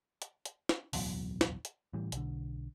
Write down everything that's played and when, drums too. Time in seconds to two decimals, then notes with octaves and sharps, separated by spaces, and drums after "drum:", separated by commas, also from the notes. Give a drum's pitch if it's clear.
0.22 drum: hi-hat
0.45 drum: hi-hat
0.69 drum: snare
0.93 D1 B1 E2 F#3, drum: open hi-hat
1.41 drum: snare
1.65 drum: hi-hat
1.93 A2 E3 G3
2.12 B1 D3, drum: hi-hat